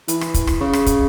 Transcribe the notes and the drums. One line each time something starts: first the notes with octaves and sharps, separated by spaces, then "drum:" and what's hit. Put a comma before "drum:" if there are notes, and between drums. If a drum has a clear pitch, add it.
E3, drum: hi-hat
drum: rim click
drum: kick, hi-hat
drum: rim click
C#3
drum: rim click
drum: kick, hi-hat